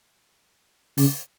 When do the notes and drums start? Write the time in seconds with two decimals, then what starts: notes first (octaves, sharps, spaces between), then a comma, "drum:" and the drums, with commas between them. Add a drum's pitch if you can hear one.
0.97 C#3, drum: open hi-hat